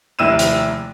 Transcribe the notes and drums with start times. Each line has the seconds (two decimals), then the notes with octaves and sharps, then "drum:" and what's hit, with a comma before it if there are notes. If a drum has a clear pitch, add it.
0.19 F1 D#2 E4 E6 D#7 E7
0.39 drum: hi-hat